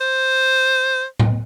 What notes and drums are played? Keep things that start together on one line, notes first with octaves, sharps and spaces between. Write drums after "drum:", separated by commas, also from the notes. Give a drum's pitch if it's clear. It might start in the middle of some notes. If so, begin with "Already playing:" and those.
C5
drum: tom A2